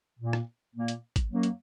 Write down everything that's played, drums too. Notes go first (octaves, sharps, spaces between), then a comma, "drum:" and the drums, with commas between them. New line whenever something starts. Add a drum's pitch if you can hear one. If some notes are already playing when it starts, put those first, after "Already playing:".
A#2 A#3
drum: rim click
A#2 A#3
drum: hi-hat
drum: kick G#1, hi-hat
F#2 F#3 A#3
drum: hi-hat